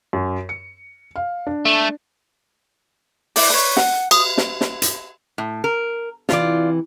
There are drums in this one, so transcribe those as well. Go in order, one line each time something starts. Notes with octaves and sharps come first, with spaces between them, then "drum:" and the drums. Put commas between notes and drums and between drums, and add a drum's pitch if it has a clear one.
F#2
C#7
F5
D4
A3
E4 D5, drum: open hi-hat
B4 C#5
F#5, drum: snare
D#6, drum: cymbal
drum: snare
drum: snare
drum: hi-hat
A2
A#4
C3 E3 F4 D5, drum: snare